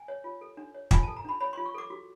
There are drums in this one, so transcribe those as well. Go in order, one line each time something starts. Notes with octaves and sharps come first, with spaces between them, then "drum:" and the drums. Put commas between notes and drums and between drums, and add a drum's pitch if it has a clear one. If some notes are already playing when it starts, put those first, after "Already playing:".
Already playing: G#5
C#5
F4
A4
D4
C#5
F4 G#5, drum: kick
A4 A5
A#5
D4 B5
C#5 B5
F4 C6
C#6
A4 D6
F#4